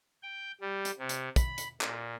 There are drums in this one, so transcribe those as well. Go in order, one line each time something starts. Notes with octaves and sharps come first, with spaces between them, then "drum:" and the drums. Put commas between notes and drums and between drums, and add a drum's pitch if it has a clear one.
G5
G3
drum: hi-hat
C3
drum: hi-hat
B5, drum: kick, hi-hat
drum: hi-hat
A#2, drum: clap